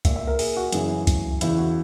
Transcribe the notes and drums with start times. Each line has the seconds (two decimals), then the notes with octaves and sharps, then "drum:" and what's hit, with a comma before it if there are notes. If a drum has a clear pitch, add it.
0.05 A#2 E5, drum: kick C2, hi-hat
0.16 E5
0.27 A#4
0.39 G#4, drum: open hi-hat
0.57 F#4
0.72 F#2 C#3 E3 G#4, drum: hi-hat
1.07 drum: kick C2, hi-hat
1.41 E2 C#3 E3 E4, drum: hi-hat
1.58 F#4